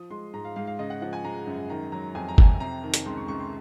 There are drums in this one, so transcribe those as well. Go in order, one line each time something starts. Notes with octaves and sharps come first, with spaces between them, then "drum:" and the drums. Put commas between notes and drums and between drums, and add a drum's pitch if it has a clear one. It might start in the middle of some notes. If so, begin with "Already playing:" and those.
Already playing: F3 D#6
G#3 C6
G#2 A#5
F5
G#2 F5
F5
C#3 D#5
F#5
F3 F#5
G#5
G#3 A#5
F#2
D#3 A#5
F#3 A#5
F2 G#5
A#5
F2 G#5, drum: kick
C3 A#5
D#3
drum: hi-hat
C#2 C6
C#6
C#2 C#6
C6